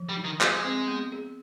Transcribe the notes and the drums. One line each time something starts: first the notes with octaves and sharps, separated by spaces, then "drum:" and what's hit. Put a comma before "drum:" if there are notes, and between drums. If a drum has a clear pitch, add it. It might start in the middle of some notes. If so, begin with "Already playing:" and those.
Already playing: F3
G3
D#4
D#3
G#3 G#4, drum: clap
C4
B3
G#4